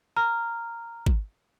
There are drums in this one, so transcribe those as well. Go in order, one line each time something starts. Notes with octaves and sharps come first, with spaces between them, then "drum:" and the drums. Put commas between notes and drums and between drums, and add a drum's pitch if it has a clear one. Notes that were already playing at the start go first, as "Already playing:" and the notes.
A#5 F6
drum: kick